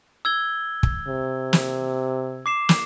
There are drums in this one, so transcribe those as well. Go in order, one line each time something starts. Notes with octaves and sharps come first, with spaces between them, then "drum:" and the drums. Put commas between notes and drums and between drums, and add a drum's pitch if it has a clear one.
E6 G#6 G7
drum: kick
C3
drum: snare
D6 C7 E7
drum: snare